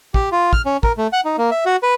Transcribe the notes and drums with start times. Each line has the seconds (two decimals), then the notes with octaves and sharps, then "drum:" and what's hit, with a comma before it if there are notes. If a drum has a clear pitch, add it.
0.14 G4, drum: kick
0.32 F4
0.53 F6, drum: kick
0.66 C#4
0.83 A#4, drum: kick
0.98 A3
1.13 F#5
1.25 D#4
1.38 A#3
1.51 E5
1.66 F#4
1.83 B4